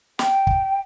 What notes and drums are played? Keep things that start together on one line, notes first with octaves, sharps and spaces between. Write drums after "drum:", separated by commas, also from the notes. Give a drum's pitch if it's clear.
G5, drum: snare
drum: kick